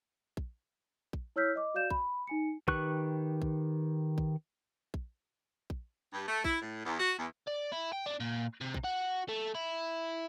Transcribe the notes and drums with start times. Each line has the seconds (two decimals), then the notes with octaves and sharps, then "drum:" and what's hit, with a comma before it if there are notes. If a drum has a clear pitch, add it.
0.37 drum: kick A#1
1.13 drum: kick A#1
1.36 E4 C#5 E6 F6 G6 B6
1.56 D#5 D6
1.74 F#4 D5 F5 G6 E7
1.90 B5, drum: kick A#1
2.27 D#4 G#5 C#7
2.68 D#3 G4 B4 C#6 F#6, drum: kick A#1
3.42 drum: kick A#1
4.18 drum: kick A#1
4.94 drum: kick A#1
5.70 drum: kick A#1
6.13 G2
6.27 A3
6.44 E4, drum: kick A#1
6.62 A2
6.84 E2
7.00 F#4
7.19 E2
7.48 D5
7.72 E4
7.93 G5
8.06 D4
8.20 A#2
8.61 C3
8.74 drum: kick A#1
8.84 F#4
9.29 A3
9.55 E4